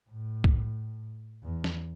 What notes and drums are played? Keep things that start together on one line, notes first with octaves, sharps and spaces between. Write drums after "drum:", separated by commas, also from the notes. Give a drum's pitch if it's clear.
A2
drum: kick C2
E2
drum: snare